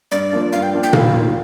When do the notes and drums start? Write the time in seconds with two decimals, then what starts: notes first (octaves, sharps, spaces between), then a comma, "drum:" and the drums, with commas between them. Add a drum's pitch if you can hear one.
0.11 G2 D5
0.33 F3 A#3 D4
0.53 G2 F5
0.63 G5
0.73 F3 A#3 D4
0.83 G5
0.93 F1 F5, drum: tom A#2
1.13 D#2 D#3 A#3 F4